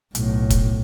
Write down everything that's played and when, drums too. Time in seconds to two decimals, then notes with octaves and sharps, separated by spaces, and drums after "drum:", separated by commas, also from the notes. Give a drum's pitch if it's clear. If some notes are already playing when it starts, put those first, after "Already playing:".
0.15 B1 A2, drum: hi-hat
0.50 drum: kick, hi-hat